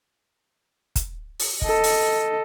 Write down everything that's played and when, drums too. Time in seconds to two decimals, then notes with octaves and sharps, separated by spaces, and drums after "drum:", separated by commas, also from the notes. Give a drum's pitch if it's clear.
0.96 drum: kick, hi-hat
1.40 drum: open hi-hat
1.62 A4 D#5, drum: kick
1.84 drum: open hi-hat